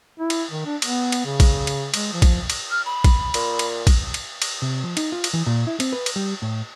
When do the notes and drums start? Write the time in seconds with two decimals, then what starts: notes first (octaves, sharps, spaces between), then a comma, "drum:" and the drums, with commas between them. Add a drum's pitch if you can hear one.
0.20 E4
0.30 drum: cymbal
0.51 D#3
0.66 D4
0.82 B3, drum: cymbal
1.12 drum: cymbal
1.25 C#3
1.40 drum: kick, cymbal
1.67 drum: cymbal
1.94 G#3, drum: cymbal
2.13 F3
2.22 drum: kick, cymbal
2.50 drum: cymbal
2.71 F6
2.86 B5
3.04 drum: kick, cymbal
3.34 A#2, drum: cymbal
3.59 drum: cymbal
3.87 drum: kick, cymbal
4.14 drum: cymbal
4.42 drum: cymbal
4.62 C3
4.84 F3
4.97 D#4, drum: cymbal
5.12 F4
5.24 drum: cymbal
5.33 E3
5.46 A#2
5.67 E4
5.80 C4, drum: cymbal
5.93 B4
6.06 drum: cymbal
6.16 G3
6.42 A2